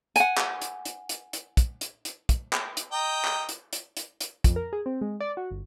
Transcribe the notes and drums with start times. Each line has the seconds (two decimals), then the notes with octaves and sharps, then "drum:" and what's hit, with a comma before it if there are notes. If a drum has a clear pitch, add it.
0.16 F#5 G#5, drum: hi-hat
0.38 drum: clap
0.62 drum: hi-hat
0.85 drum: hi-hat
1.09 drum: hi-hat
1.33 drum: hi-hat
1.57 drum: kick, hi-hat
1.81 drum: hi-hat
2.05 drum: hi-hat
2.29 drum: kick, hi-hat
2.53 drum: clap
2.77 drum: hi-hat
2.92 D#5 G5 A#5
3.25 drum: clap
3.49 drum: hi-hat
3.73 drum: hi-hat
3.97 drum: hi-hat
4.21 drum: hi-hat
4.44 F2, drum: kick, hi-hat
4.56 A#4
4.73 G#4
4.86 C4
5.01 G#3
5.20 D5
5.37 F#4
5.51 G1